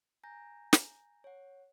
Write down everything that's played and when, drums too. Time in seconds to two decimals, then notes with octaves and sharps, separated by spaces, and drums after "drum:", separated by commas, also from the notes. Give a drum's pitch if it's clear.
0.23 G#5 A#5 G6 A#6
0.73 drum: snare
1.24 C#5 F#5